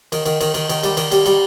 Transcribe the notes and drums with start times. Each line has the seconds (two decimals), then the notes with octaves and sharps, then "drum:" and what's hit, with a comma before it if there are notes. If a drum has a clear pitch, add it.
0.12 D#3, drum: cymbal
0.26 D#3, drum: cymbal
0.41 D#3, drum: cymbal
0.54 D#3, drum: cymbal
0.69 D#3, drum: cymbal
0.83 G3, drum: cymbal
0.97 D#3, drum: cymbal
1.11 G3, drum: cymbal
1.26 G3, drum: cymbal